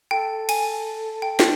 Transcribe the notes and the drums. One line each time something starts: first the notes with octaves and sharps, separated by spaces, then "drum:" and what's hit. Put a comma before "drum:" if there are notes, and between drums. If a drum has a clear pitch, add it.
A4 G5
G#5, drum: cymbal
G5
G5, drum: snare